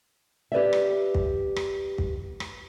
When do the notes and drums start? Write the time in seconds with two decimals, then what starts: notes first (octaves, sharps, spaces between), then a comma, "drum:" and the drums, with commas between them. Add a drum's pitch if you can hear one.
0.52 G4 B4 D5 E5
0.73 drum: rim click
1.14 drum: kick
1.56 drum: rim click
1.98 drum: kick
2.40 drum: rim click